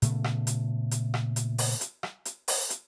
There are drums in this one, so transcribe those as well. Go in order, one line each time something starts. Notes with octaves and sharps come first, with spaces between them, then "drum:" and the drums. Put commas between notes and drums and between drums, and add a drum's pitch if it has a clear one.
A#2 C#3 A3 B3, drum: hi-hat
drum: rim click
drum: hi-hat
drum: hi-hat
drum: rim click
drum: hi-hat
drum: open hi-hat
drum: hi-hat
drum: rim click
drum: hi-hat
drum: open hi-hat
drum: hi-hat